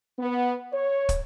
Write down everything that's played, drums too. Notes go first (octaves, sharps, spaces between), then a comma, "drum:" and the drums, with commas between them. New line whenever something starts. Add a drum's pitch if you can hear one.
B3
C#5
drum: kick, hi-hat